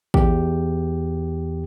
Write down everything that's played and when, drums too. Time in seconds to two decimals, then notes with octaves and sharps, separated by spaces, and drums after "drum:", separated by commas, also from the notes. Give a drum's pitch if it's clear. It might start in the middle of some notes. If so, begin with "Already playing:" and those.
0.14 E2 G4, drum: kick